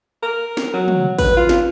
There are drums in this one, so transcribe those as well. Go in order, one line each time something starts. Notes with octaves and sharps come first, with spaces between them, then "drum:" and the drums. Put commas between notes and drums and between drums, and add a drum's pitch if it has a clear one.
A#4
drum: snare
F#3
drum: tom
B4, drum: kick, open hi-hat
F4
drum: snare